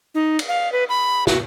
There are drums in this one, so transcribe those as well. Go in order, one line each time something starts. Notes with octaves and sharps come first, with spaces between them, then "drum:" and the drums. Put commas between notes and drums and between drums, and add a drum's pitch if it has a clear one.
D#4
drum: cymbal
F5
B4
B5
F#4, drum: snare